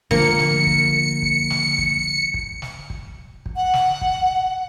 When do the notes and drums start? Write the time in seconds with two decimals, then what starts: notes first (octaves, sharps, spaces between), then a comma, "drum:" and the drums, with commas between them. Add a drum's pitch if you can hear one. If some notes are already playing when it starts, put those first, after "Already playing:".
0.11 D3 F3 A#3 C#7, drum: kick
0.39 drum: snare
0.67 drum: kick
1.22 drum: kick
1.50 drum: snare
1.78 drum: kick
2.34 drum: kick
2.62 drum: snare
2.90 drum: kick
3.46 drum: kick
3.56 F#5
3.74 drum: snare
4.01 drum: kick